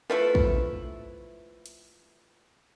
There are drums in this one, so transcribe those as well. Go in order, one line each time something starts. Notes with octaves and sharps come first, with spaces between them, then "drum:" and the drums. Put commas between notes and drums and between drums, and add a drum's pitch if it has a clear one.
F3 A3 E4 B4
drum: kick
drum: hi-hat